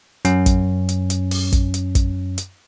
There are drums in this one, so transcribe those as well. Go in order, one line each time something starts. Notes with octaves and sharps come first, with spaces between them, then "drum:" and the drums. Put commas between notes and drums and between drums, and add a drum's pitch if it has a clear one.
F#2 C#4, drum: hi-hat
drum: kick, hi-hat
drum: hi-hat
drum: hi-hat
drum: open hi-hat
drum: kick, hi-hat
drum: hi-hat
drum: kick, hi-hat
drum: hi-hat